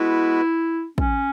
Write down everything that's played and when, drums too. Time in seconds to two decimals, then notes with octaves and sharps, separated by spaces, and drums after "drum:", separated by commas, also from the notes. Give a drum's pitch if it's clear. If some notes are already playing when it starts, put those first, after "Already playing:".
Already playing: G#3 B3 E4 F#4 B4
0.98 C#4, drum: kick